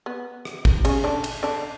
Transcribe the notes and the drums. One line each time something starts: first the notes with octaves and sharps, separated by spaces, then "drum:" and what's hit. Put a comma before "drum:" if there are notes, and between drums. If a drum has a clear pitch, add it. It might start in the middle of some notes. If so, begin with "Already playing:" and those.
B3
drum: rim click
drum: kick G#1
C#3 C#4, drum: cymbal
D3 D4
drum: cymbal
D3 D4